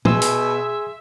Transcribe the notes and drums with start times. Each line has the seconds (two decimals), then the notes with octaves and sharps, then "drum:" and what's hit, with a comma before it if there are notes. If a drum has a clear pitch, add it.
0.05 B2 G#4 E5 G#5 C6 E6, drum: tom
0.22 drum: hi-hat